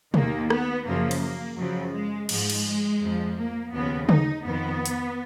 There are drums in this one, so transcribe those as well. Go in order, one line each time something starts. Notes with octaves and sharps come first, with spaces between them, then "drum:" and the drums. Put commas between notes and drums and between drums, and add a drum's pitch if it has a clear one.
D#2 D#3 A#3, drum: tom
B3, drum: rim click
F#2 C#3 F3 A#3
drum: cymbal
A#3
F#2 C#3 F3 F#3
G#3
G#2 F3 G#3, drum: cymbal
drum: cymbal
F2 F3
A#3
D#2 C#3 F3 B3
D#4, drum: tom C#3
F2 D#3 B3
drum: hi-hat